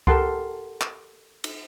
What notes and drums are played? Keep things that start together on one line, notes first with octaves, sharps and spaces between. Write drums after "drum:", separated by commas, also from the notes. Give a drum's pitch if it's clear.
G4 A4 A#4 F#5 A5 C6, drum: kick C#2
drum: clap
drum: cymbal